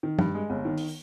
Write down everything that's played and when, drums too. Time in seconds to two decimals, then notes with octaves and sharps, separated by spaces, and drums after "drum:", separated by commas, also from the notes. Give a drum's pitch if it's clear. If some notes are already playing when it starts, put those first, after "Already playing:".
0.03 D#3
0.19 G2, drum: tom
0.35 G#3
0.50 G1
0.65 D#3
0.78 drum: open hi-hat